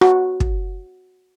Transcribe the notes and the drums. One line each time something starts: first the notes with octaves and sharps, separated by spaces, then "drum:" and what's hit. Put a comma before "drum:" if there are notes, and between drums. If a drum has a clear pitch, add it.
F#4, drum: rim click
drum: kick